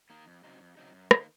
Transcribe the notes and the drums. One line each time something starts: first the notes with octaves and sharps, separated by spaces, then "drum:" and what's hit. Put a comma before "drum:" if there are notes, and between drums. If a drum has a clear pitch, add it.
D#3 A#3 D#4
F2
C#3 F#3 C4 D#4
F2
C#3 F#3 C4 D#4
F#2
D#3 A#3, drum: rim click